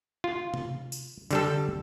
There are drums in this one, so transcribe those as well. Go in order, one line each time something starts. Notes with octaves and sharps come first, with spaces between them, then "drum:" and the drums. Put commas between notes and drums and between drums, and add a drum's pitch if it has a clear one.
F4
drum: tom C3
drum: tambourine
D3 G3 A4, drum: tambourine